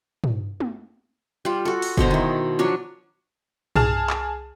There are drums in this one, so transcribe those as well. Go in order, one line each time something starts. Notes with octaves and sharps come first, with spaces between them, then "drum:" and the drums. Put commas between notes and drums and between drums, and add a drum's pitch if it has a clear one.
drum: tom
drum: tom
G3 F4
F#4 A4
drum: open hi-hat
B2 D3 C5 A#5, drum: kick
D#3 E4
F3 F#3 D4 C#5
C2 G#4 A5 F6, drum: tom
drum: clap